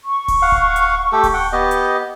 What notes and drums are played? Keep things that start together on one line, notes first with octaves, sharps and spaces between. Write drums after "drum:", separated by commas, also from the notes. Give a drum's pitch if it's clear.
C#6
drum: kick D1, open hi-hat
F5 F#5
drum: kick D1
drum: hi-hat
A3 G4 A4
drum: kick D1, open hi-hat
F#5 G5
B3 G4 D#5
drum: hi-hat